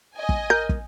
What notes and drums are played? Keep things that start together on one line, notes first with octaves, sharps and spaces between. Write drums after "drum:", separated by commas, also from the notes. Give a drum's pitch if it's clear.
D#5 G#5
drum: kick
A#4 G6
drum: kick